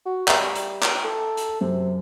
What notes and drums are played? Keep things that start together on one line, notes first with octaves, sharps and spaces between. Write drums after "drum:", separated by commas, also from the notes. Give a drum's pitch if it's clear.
F#4
G3 E5 G5 A#5, drum: clap
drum: hi-hat
drum: clap
A4
drum: hi-hat
F#2 C3